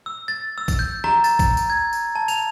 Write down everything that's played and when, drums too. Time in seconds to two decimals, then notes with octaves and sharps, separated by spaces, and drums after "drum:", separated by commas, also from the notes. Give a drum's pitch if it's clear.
0.06 E6
0.28 A6
0.58 E6
0.68 drum: kick, tambourine
0.79 G6
1.04 A#5, drum: rim click
1.24 A6, drum: tambourine
1.39 drum: kick, tambourine
1.57 drum: tambourine
1.70 G#6
1.93 drum: tambourine
2.15 A5
2.28 F7, drum: tambourine